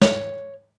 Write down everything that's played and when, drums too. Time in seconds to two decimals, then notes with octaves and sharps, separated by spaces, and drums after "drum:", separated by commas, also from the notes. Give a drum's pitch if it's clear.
0.01 C#5, drum: snare